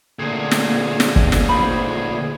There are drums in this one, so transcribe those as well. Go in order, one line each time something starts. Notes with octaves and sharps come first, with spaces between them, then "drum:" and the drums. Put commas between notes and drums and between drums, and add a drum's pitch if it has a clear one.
D2 A#2 D3 G#4
drum: snare
drum: snare
drum: kick
drum: snare
D#4 C5 B5